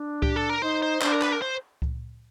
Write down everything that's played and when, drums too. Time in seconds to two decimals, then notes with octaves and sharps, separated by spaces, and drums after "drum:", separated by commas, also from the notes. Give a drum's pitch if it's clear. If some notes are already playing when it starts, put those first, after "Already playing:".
Already playing: D4
0.22 G4, drum: kick C#2
0.36 A4
0.49 A#4
0.62 D#4 C5
0.82 C5
1.02 D4 C5, drum: clap
1.12 A#4
1.22 B4, drum: clap
1.32 A#4
1.42 C5
1.82 drum: kick C#2